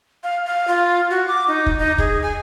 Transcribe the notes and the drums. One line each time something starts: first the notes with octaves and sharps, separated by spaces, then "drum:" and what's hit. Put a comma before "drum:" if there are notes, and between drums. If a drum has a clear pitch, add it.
F5
F5
F4
F#4
D6
D#4
drum: kick
D#4
G#4, drum: kick
G#5